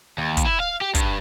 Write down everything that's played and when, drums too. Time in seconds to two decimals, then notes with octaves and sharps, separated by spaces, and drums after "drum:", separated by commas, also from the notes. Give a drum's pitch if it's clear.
0.18 D#2
0.37 drum: kick, hi-hat
0.46 E4
0.60 F5
0.81 G4
0.95 G2, drum: kick, hi-hat